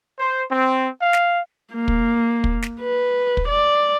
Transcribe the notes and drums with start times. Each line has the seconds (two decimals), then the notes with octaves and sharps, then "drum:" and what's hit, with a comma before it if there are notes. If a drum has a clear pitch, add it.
0.19 C5
0.51 C4
1.01 F5
1.13 drum: snare
1.74 A#3
1.88 drum: kick
2.44 drum: kick
2.62 drum: snare
2.81 B4
3.37 drum: kick
3.48 D5